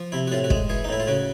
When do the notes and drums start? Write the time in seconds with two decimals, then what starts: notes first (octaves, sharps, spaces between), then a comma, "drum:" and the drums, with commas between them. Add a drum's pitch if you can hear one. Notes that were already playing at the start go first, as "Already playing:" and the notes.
Already playing: F3
0.12 C3 E4
0.27 F#4
0.32 A2 F4
0.44 F#4
0.50 G#3, drum: kick
0.69 E3 G#4
0.84 D#4
0.89 A2 E4
1.00 F4
1.07 C#3 F#4